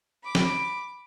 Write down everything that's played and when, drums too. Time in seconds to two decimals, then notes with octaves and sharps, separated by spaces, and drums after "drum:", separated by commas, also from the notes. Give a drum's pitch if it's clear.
0.24 B5 D6
0.35 drum: snare